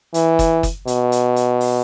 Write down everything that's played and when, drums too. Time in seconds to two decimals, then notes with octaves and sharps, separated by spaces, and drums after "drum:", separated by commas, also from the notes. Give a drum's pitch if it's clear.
0.14 E3, drum: hi-hat
0.39 drum: kick F#1, hi-hat
0.63 drum: kick F#1, hi-hat
0.87 B2, drum: hi-hat
1.12 drum: hi-hat
1.36 drum: hi-hat
1.61 drum: open hi-hat